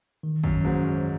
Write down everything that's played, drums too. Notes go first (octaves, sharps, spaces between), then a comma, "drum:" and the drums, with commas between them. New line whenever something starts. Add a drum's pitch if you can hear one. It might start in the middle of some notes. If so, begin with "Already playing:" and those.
D#3
F#2, drum: kick A1
G#2 G#3 C#4 F#4 C5
F#2